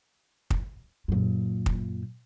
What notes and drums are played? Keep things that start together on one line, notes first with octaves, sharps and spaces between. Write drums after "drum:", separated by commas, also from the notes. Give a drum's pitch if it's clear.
drum: kick
F#2 A#2
drum: kick